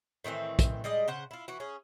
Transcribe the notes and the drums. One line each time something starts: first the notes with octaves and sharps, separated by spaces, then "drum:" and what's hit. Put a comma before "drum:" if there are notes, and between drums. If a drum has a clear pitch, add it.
A2 D#3 E3 C4
drum: kick, hi-hat
G3 G#3 D5 D#5
C#3 C5 F#5
E4 F4
E3 F#4
C#4 G#4